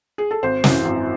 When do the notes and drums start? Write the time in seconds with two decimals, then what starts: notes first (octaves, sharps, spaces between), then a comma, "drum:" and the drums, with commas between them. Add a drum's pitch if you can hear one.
0.18 G#4
0.31 A4
0.43 G#1 C5
0.64 F#2 E3, drum: snare
0.85 G#1